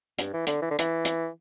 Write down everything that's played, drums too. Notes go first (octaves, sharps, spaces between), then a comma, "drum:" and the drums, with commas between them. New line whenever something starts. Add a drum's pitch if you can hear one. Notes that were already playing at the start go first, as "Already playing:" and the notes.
G2, drum: hi-hat
E3
D3, drum: hi-hat
E3
D3
E3, drum: hi-hat
drum: hi-hat